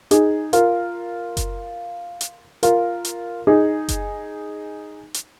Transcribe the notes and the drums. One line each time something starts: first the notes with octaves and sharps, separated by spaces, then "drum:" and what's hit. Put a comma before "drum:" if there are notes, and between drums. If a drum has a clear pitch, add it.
D#4 G#4, drum: hi-hat
F4 A#4, drum: hi-hat
drum: kick F#1, hi-hat
drum: hi-hat
F4 A#4, drum: hi-hat
drum: hi-hat
D#4 G#4
drum: kick F#1, hi-hat
drum: hi-hat